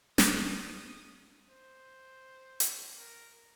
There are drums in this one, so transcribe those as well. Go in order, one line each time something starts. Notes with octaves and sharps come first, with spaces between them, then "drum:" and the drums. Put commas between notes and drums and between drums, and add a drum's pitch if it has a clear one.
D#6, drum: snare
C5
drum: hi-hat
A#4